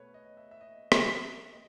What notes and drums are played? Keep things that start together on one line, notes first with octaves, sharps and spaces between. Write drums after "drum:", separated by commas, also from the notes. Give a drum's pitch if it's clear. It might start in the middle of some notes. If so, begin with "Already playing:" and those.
Already playing: B2 A3 B4 C#5
D#5
E5
E5
D#5
drum: rim click
E5
D#5